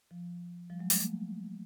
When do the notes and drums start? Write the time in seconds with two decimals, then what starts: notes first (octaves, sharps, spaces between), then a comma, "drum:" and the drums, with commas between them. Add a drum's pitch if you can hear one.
0.11 F3
0.70 F3 G3
0.79 F#3 G#3
0.90 G3 A3, drum: open hi-hat
0.99 G#3 A#3